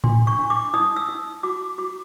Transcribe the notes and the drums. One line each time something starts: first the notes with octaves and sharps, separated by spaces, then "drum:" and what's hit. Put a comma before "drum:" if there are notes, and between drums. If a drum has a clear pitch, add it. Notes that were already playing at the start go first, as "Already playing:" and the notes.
D4 C6, drum: tom A2
C#6
D4
D6
D#4 D#6
E6
D#4
F#4 D6
F#4 D6